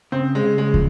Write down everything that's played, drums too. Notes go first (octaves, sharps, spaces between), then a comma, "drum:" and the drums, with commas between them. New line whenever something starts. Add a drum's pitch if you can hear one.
C#3 C4
G#3
C#3
G#3
F3, drum: kick